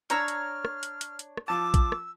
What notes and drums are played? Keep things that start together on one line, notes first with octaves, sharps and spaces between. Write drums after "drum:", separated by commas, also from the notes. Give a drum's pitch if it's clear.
D4 C#5 A#5 E6 F6, drum: hi-hat
drum: hi-hat
drum: rim click
drum: hi-hat
drum: hi-hat
drum: hi-hat
drum: rim click
F3 A5 D6 E6
drum: kick, hi-hat
drum: rim click